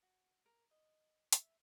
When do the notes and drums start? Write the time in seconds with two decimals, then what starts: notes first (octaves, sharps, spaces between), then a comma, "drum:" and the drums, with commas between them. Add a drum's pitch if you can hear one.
0.03 F#4
0.46 A#4
0.71 D#5
1.33 E5, drum: hi-hat